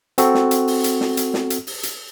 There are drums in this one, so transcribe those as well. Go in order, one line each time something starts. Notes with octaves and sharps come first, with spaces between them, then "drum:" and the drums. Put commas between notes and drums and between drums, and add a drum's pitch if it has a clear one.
C4 F#4 A4, drum: hi-hat
drum: snare
drum: hi-hat
drum: open hi-hat
drum: hi-hat
drum: snare
drum: hi-hat
drum: snare
drum: hi-hat
drum: open hi-hat
drum: hi-hat